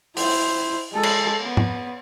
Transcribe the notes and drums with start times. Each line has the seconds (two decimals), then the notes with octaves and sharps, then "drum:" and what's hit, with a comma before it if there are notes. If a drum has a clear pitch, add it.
0.17 E4 C5, drum: open hi-hat
0.93 G#3 A4
1.03 drum: cymbal
1.41 B3
1.57 drum: tom G#2